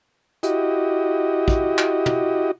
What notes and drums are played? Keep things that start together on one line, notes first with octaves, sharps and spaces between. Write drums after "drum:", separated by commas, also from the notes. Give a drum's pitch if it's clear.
E4 F#4 G4 D#5, drum: hi-hat
drum: kick
drum: clap
drum: tom